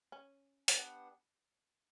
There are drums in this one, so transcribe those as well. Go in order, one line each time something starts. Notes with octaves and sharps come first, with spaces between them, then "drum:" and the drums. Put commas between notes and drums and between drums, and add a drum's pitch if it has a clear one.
C#4
B3 D4 G4 B4 F#5, drum: open hi-hat